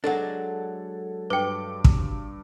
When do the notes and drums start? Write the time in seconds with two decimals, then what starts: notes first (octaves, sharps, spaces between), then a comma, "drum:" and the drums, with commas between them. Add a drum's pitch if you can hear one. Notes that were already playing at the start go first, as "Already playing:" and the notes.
0.04 F#3 G#3 D4 A4 F#5
1.30 G2 B4 G5 D6
1.84 drum: kick